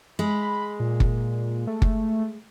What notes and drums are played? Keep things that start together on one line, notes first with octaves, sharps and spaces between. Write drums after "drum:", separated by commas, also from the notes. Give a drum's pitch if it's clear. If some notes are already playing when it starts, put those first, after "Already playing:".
G#3 B5
A#2
drum: kick
A3
drum: kick